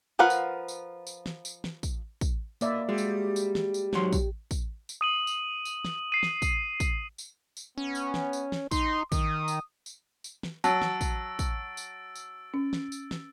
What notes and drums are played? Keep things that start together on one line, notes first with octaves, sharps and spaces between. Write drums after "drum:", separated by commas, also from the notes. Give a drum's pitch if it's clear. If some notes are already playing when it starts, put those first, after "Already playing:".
F3 F4 A#4 B4 F#5
drum: tambourine
drum: tambourine
drum: tambourine
drum: snare
drum: tambourine
drum: snare
drum: kick, tambourine
drum: kick, tambourine
B2 A#3 D5 E5, drum: tambourine
G3 G#3 F#4
drum: tambourine
drum: tambourine
drum: snare
drum: tambourine
G#2 F#3 C6, drum: snare
drum: kick, tambourine
drum: kick, tambourine
drum: tambourine
D#6 D#7 F#7
drum: tambourine
drum: tambourine
drum: snare
C7 D#7
drum: snare
drum: kick, tambourine
drum: kick, tambourine
drum: tambourine
drum: tambourine
B3 C#4
drum: tambourine
drum: snare
drum: tambourine
drum: snare
D#4 C6, drum: kick, tambourine
D#3 D#6, drum: kick, tambourine
drum: tambourine
drum: tambourine
drum: tambourine
drum: snare
F#3 A5 E6 A6 D7, drum: tambourine
drum: snare
drum: kick, tambourine
drum: kick, tambourine
drum: tambourine
drum: tambourine
C#4
drum: snare
drum: tambourine
drum: snare